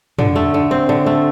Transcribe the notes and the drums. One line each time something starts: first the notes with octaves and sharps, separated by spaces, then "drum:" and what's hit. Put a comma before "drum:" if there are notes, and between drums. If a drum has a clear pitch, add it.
D3, drum: tom
A3
D3
C4
D3
A3